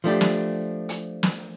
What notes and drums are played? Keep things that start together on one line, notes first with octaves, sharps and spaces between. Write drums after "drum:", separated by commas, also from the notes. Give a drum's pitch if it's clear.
F3 A3 D4 G4
drum: snare
drum: hi-hat
drum: snare